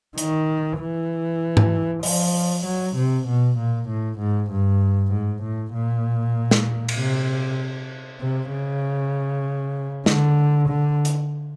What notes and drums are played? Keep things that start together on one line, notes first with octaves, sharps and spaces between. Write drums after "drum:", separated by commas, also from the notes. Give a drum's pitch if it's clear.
D#3, drum: hi-hat
E3
drum: tom G#2
F3, drum: open hi-hat
F#3
C3
B2
A#2
A2
G#2
G2
G#2
A2
A#2
drum: snare
drum: cymbal
C3
C3
C#3
D3, drum: snare
D3
drum: hi-hat